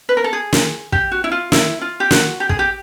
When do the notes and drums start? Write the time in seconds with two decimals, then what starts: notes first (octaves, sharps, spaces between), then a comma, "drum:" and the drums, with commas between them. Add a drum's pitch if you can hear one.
0.09 B4
0.17 A#4
0.24 A4
0.33 G#4
0.53 drum: snare
0.92 G4, drum: kick
1.11 F#4
1.24 E4
1.31 F4
1.52 E4, drum: snare
1.81 F4
2.00 G4
2.11 F#4, drum: snare
2.40 G4
2.49 G#4, drum: kick
2.59 G4